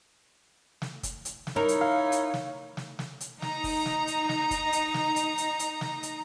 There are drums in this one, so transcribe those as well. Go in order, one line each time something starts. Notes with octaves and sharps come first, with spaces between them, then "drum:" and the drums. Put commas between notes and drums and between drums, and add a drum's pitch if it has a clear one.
drum: snare
drum: kick, hi-hat
drum: hi-hat
drum: snare
D#4 E4 A#4 C#5
drum: hi-hat
F5
drum: hi-hat
drum: snare
drum: snare
drum: snare
drum: hi-hat
D#4 A#5, drum: snare
drum: kick, open hi-hat
drum: snare
drum: hi-hat
drum: snare
drum: kick, hi-hat
drum: hi-hat
drum: snare
drum: hi-hat
drum: hi-hat
drum: hi-hat
drum: snare
drum: hi-hat